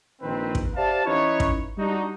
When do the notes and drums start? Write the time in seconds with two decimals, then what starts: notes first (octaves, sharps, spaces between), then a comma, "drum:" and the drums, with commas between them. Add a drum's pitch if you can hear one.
0.22 A#1 D#3 C4 B4
0.55 drum: kick
0.76 G4 C5 D5 E5 F5 A5
1.05 E3 C#4 D#4 E4 B4 C#5
1.40 drum: kick
1.78 G3 D4 D#4 F#4